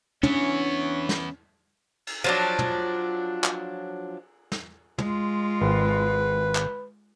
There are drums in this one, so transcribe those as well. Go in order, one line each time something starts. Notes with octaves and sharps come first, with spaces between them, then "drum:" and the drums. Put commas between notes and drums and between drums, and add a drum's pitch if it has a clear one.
E3 B3 C#4 D4 C#5, drum: tom
drum: snare
drum: cymbal
F3 F#3 D4
drum: tom
drum: clap
drum: snare
G#3 F4, drum: tom
G#1 B4
drum: clap